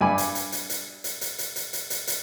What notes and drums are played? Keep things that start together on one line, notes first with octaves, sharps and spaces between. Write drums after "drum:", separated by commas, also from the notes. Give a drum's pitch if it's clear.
G2 G#5 B5 D6
drum: hi-hat
drum: hi-hat
drum: hi-hat
drum: hi-hat
drum: hi-hat
drum: hi-hat
drum: hi-hat
drum: hi-hat
drum: hi-hat
drum: hi-hat
drum: hi-hat